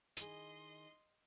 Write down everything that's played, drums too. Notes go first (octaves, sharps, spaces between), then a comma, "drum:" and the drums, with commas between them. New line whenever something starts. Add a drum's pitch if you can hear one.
D#3 E4 G#4 D#5 C6, drum: hi-hat